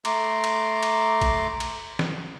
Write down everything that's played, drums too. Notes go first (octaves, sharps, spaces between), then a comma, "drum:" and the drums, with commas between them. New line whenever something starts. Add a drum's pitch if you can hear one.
A3 A#5 C6 D6, drum: cymbal
drum: cymbal
drum: cymbal
drum: kick, cymbal
drum: cymbal
drum: snare